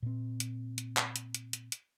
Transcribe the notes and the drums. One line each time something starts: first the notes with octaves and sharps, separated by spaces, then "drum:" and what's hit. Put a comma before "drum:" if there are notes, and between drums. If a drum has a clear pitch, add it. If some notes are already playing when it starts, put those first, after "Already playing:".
A#2 C4
drum: hi-hat
drum: hi-hat
drum: clap
drum: hi-hat
drum: hi-hat
drum: hi-hat
drum: hi-hat